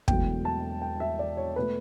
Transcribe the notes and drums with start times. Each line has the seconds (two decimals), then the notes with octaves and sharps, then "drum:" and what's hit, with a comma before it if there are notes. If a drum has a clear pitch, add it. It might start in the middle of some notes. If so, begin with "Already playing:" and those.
0.08 E1 E2 B2 F#3 A3 G5, drum: kick
0.45 A5
0.82 G5
1.00 E5
1.19 D5
1.37 C#5
1.56 B2 A3 B4